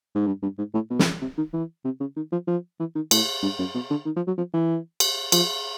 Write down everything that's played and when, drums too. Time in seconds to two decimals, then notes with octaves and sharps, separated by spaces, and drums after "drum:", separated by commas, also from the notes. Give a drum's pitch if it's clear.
0.15 G#2
0.27 G2
0.42 G2
0.58 G#2
0.74 A2
0.90 B2
0.99 drum: snare
1.22 C3
1.37 D#3
1.53 E3
1.85 C3
2.00 C#3
2.16 D#3
2.32 F3
2.47 F3
2.80 E3
2.95 D#3
3.11 A2, drum: cymbal
3.43 G2
3.59 F#2
3.74 B2
3.90 D3
4.06 D#3
4.16 F3
4.27 F#3
4.37 F3
4.53 E3
5.00 drum: cymbal
5.32 F3, drum: cymbal